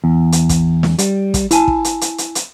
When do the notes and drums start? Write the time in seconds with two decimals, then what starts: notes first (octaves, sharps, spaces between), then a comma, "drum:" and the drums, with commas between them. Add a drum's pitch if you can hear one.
0.04 E2
0.32 drum: hi-hat
0.49 drum: kick, hi-hat
0.83 drum: snare
0.98 G3, drum: hi-hat
1.34 drum: kick, hi-hat
1.51 E4 G#5 A5, drum: hi-hat
1.68 drum: kick
1.85 drum: hi-hat
2.01 drum: hi-hat
2.18 drum: hi-hat
2.35 drum: hi-hat